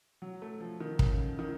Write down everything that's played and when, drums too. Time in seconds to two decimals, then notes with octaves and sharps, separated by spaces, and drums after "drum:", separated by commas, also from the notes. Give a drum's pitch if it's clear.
0.22 F#3
0.42 A3
0.60 F3
0.81 D#3
0.99 C#3, drum: kick
1.39 D#3